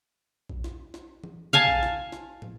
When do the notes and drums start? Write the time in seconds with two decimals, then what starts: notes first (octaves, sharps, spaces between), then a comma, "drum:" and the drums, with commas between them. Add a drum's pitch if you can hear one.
0.49 drum: kick A#1
0.64 drum: snare
0.94 drum: snare
1.24 drum: tom E3
1.53 F5 G#5 A5
1.68 drum: kick A#1
1.83 drum: snare
2.12 drum: snare
2.42 drum: tom